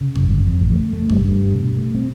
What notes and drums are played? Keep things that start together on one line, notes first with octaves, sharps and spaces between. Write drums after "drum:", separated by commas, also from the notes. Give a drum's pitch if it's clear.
C#3
F#2, drum: kick G#1
G1
F2
A1
A3
A3
G2, drum: kick G#1
G2
B2
A3
C4